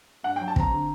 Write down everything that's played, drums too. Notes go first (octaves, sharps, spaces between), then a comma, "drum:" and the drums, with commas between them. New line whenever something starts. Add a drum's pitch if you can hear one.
G2 F#5
F#3 G5
A5
C4 A#5, drum: kick
D3